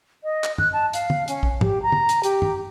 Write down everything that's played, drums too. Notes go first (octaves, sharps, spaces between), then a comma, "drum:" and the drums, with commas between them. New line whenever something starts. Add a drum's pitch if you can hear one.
D#5
drum: clap
F#6, drum: tom
A5
F5, drum: hi-hat
drum: tom
C#4, drum: hi-hat
drum: kick
G4, drum: tom
A#5
drum: tom
drum: hi-hat
G4, drum: hi-hat
drum: tom